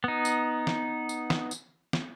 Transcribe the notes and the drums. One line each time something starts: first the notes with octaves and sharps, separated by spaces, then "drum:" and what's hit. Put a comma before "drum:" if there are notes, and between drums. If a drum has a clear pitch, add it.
B3 D#4
drum: tambourine
drum: snare
drum: tambourine
drum: snare
drum: tambourine
drum: snare